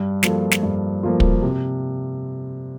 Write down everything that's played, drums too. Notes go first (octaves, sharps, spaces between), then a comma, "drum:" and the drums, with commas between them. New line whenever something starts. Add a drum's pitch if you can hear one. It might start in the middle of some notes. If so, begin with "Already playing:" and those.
Already playing: G2
F3 A#3 F4 A4, drum: snare
drum: snare
G2
F3 A#3 F4 A4
drum: kick
C3